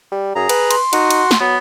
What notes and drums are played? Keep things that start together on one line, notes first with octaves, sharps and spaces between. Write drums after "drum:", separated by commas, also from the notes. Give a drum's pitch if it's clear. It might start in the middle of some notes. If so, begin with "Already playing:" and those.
G3
F#2 G#4 A#5
B4, drum: cymbal
C6, drum: cymbal
D#4 F#4 F#5, drum: cymbal
drum: cymbal
drum: snare
F#3 B3